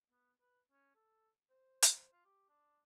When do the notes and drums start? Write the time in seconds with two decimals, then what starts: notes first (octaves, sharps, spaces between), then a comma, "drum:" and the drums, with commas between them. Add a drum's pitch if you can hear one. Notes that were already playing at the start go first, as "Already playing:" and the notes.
0.11 B3
0.41 B4
0.71 C#4
0.95 A4
1.50 C5
1.82 drum: hi-hat
1.96 C5
2.12 F4
2.25 G4
2.49 D4